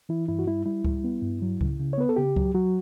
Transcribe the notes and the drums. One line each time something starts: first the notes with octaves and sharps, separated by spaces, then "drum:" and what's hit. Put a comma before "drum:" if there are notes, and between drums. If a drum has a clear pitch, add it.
E3 E4
G2 E4
F#4
G3 E4
G3 E4
G3, drum: kick C#2
B3
G2
F#3
C#3, drum: kick C#2
C#3
C#5
B3 B4
A4
C#3 G4
F#3, drum: kick C#2
F#3 F#4